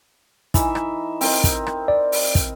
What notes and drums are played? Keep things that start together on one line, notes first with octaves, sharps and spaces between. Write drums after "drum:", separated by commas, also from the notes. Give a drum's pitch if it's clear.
E3 D#4 E5, drum: kick, hi-hat
drum: rim click
C4 A#4 D#5, drum: open hi-hat
drum: kick, hi-hat
drum: rim click
D5
drum: open hi-hat
drum: kick, hi-hat